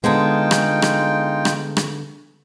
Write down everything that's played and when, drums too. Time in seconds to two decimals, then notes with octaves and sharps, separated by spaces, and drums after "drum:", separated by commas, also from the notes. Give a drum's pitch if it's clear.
0.04 D3 G#3 B3 D#4 F4 G#4 A4 G5
0.51 drum: rim click
0.82 drum: rim click
1.45 drum: rim click
1.77 drum: rim click